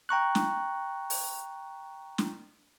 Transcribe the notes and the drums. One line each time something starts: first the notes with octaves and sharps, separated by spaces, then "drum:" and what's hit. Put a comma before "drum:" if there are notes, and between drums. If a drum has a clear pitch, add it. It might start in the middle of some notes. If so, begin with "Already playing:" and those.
G5 A#5 C#6 F#6
drum: snare
drum: open hi-hat
drum: snare